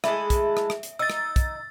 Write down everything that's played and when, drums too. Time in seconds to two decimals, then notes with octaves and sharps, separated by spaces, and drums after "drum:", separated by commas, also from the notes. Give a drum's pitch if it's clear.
0.04 G#3 A3 E4 E5, drum: rim click
0.30 drum: kick, hi-hat
0.57 drum: rim click
0.70 drum: rim click
0.83 drum: hi-hat
0.99 D#4 E6 A6
1.10 drum: rim click
1.36 drum: kick, hi-hat